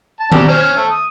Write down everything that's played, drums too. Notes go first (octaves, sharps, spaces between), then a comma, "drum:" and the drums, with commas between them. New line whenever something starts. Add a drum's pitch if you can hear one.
A5
F#3 D4 G4, drum: tom D#3
C#4 C5 F6
A3
D#6